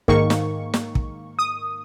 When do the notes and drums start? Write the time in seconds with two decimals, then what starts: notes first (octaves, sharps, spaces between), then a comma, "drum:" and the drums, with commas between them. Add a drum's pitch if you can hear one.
0.08 G#2 D#3 A#3 C#6, drum: kick
0.30 drum: snare
0.74 drum: snare
0.95 drum: kick
1.39 D#6